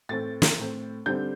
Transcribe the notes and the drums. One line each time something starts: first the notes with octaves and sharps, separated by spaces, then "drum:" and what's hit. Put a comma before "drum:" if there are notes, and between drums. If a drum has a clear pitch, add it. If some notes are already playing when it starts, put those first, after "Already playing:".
A2 A3 C4 A6
drum: snare
A2 A3 C4
D3 G3 C4 G6